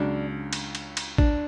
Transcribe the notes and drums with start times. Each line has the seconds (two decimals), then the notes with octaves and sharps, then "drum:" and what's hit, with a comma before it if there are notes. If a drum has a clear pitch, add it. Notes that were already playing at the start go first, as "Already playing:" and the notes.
Already playing: C#2 C#3 F#3 D4
0.53 drum: cymbal
0.75 drum: cymbal
0.97 drum: cymbal
1.18 D4, drum: kick